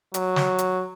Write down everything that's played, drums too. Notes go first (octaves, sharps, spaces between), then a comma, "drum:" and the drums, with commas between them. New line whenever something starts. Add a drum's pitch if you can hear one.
F#3, drum: hi-hat
drum: snare
drum: hi-hat